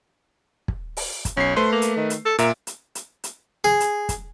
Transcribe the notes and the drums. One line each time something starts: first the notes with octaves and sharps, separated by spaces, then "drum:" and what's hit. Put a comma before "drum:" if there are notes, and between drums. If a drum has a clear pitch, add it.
drum: kick
drum: open hi-hat
drum: kick, hi-hat
B1 C#4 C7
A3 B4 C5
A#3
drum: hi-hat
D#3
drum: hi-hat
A4
A#2 A#4 E5 D7, drum: hi-hat
drum: hi-hat
drum: hi-hat
drum: hi-hat
G#4
drum: hi-hat
drum: kick, hi-hat